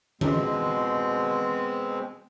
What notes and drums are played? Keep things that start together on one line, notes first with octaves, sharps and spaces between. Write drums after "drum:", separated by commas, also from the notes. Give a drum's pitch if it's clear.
B2 G#3 C4, drum: tom E3